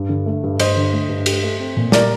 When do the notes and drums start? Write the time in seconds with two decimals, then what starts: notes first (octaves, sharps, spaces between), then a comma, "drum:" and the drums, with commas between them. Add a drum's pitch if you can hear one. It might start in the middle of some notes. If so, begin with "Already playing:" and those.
Already playing: G2
0.09 D3
0.26 A3
0.43 G2
0.60 G2 C5 D#5, drum: cymbal
0.76 D3
0.92 A3
1.09 G2
1.26 G4, drum: cymbal
1.43 A3
1.59 C4
1.76 A#2
1.92 G4 A#4 D5, drum: snare